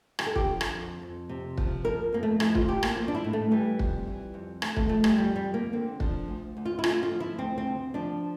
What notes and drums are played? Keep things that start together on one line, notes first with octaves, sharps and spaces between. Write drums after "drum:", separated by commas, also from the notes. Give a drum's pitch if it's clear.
D3 G4, drum: rim click
A4
G4, drum: kick
F3
drum: rim click
F2
F2
C3
F3, drum: kick
F2 A#4
F2 A#3
A3
F3 E4, drum: rim click
F4, drum: kick
A2 G4
A#3, drum: rim click
F3 F4
D4
E4
A2
A3
E3 G3
F2, drum: kick
E3
F2
D3 A3, drum: rim click
A3, drum: kick
F3 A3
G3, drum: rim click
F2 G3
G3
F2
A#3
D3 C4
F3 D4, drum: kick
D2
D2
F4
E4
D3 F4, drum: rim click
F4
F3
E4
D2 C4
C4
D2
F3 D4